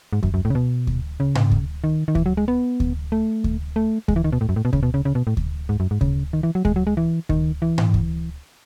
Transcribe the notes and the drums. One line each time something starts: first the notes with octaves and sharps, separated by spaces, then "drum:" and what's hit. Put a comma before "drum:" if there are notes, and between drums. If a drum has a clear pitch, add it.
G#2
F#2, drum: kick D2
F#2
A2
C#3
B2
drum: kick D2
C#3
drum: tom G#2
drum: kick D2
D#3
D#3
E3, drum: kick D2
F#3
G#3
B3
drum: kick D2
A3
drum: kick D2
A3
G#3, drum: kick D2
E3
D#3
B2
A2
F#2
A2
B2
C#3, drum: kick D2
B2
C#3
C#3
B2
A2
drum: kick D2
G#2
F#2
G#2
C#3, drum: kick D2
D#3
E3
F#3
G#3, drum: kick D2
F#3
G#3
E3
D#3, drum: kick D2
E3
drum: tom G#2
drum: kick D2